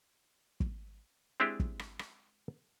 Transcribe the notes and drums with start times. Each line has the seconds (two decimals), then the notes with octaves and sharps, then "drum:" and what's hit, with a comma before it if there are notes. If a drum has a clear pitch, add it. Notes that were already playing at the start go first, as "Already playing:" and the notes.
0.60 drum: kick
1.40 G#3 C4 D4 E4 G4 G#4
1.60 drum: kick
1.79 drum: rim click
1.99 drum: rim click